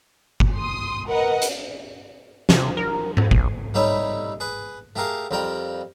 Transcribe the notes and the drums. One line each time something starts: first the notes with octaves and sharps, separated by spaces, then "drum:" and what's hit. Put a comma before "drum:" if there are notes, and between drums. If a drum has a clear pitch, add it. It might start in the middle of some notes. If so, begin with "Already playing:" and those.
drum: kick G1
C6 D#6
A#4 B4 D#5 F#5
drum: hi-hat
C3, drum: snare
A#4
drum: tom G#2
B1, drum: kick G1
G3 A3 D#4 B4 C#5 E5
G#4 B4
A3 G4 G#4 A#4 F5
F2 F3 G3 A#4 G5